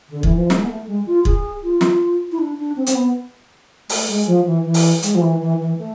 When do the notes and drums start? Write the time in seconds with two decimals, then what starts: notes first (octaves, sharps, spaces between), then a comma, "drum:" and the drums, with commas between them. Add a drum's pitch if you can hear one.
0.10 D3
0.23 E3, drum: kick
0.36 F3
0.50 G#3, drum: snare
0.63 B3
0.68 A3
0.87 G#3
1.07 F4
1.25 G#4, drum: kick
1.63 F4
1.81 drum: snare
2.32 E4
2.39 D4
2.57 D4
2.76 C4
2.86 C4, drum: hi-hat
2.95 B3
3.89 A3, drum: open hi-hat
4.08 G#3
4.27 F3
4.46 E3
4.65 E3
4.74 drum: open hi-hat
5.02 G#3, drum: hi-hat
5.15 F3
5.21 E3
5.40 E3
5.59 E3
5.78 A3